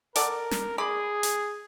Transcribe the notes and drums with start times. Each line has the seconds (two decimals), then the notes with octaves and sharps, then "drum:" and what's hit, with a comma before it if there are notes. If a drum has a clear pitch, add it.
0.16 A4 A#4 D5 F#5, drum: hi-hat
0.51 drum: snare
0.78 G#4 D5 B5
1.23 drum: hi-hat